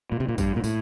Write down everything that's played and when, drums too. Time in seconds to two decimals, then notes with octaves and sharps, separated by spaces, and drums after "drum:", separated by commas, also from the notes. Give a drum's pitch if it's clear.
0.12 A#2
0.20 C3
0.29 A#2
0.38 G2, drum: kick A1, tambourine
0.56 A#2
0.64 A2, drum: tambourine